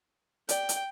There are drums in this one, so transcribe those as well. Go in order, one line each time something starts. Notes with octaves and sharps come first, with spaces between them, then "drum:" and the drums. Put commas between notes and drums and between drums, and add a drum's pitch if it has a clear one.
G4 D5 G5, drum: hi-hat
drum: hi-hat